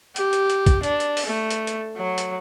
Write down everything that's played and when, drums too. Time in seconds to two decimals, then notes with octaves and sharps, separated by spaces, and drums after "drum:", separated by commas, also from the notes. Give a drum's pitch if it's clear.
0.16 G4, drum: hi-hat
0.33 drum: hi-hat
0.50 drum: hi-hat
0.66 drum: kick, hi-hat
0.83 D4, drum: hi-hat
1.00 drum: hi-hat
1.17 drum: open hi-hat
1.26 A3
1.51 drum: hi-hat
1.67 drum: hi-hat
1.97 F#3
2.18 drum: hi-hat